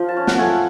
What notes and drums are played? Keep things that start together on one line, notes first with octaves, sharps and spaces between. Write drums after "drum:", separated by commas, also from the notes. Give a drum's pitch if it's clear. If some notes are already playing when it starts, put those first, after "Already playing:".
Already playing: F3
A5
C#4
F#5, drum: snare
A3 G#5